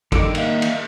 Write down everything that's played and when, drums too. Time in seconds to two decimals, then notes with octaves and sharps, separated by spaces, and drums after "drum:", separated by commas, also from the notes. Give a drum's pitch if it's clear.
0.12 D3 D#3 G3 A4 D6, drum: kick, cymbal
0.35 A#3 D#5 E5, drum: cymbal
0.62 drum: cymbal